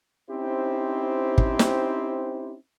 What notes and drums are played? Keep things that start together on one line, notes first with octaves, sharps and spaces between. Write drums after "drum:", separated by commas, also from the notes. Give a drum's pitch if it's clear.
C4 C#4 D#4 E4 G4 C5
drum: kick
drum: snare